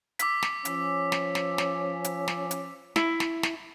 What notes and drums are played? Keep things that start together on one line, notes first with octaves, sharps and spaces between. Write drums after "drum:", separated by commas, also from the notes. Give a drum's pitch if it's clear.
D6 E6 B6, drum: hi-hat
drum: snare
F3 C#4 B6, drum: hi-hat
drum: snare
drum: snare
drum: snare
drum: hi-hat
drum: snare
drum: hi-hat
E4, drum: snare
drum: snare
drum: snare